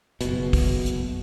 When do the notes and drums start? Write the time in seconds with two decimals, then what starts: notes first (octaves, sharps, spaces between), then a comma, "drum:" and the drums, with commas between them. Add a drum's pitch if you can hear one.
0.21 F#1 B2, drum: hi-hat
0.53 drum: kick, open hi-hat
0.86 drum: hi-hat